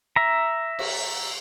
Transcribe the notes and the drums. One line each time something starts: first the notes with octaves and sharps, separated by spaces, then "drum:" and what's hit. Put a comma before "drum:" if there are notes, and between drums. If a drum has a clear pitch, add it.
E5 A#5
drum: cymbal